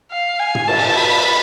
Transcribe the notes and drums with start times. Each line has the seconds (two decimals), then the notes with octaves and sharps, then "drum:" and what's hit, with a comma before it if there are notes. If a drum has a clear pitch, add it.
0.11 F5
0.40 G#5
0.55 drum: tom
0.68 A5, drum: cymbal
0.96 B5